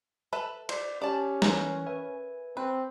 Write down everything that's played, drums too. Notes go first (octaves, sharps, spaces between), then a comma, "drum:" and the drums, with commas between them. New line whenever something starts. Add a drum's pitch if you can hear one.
A4 B4 E5
C5 D5, drum: cymbal
C#4 G4 D5 A5
E3 A#4 C5 G#5 F#6, drum: snare
B4 E5 G#5
C4 B4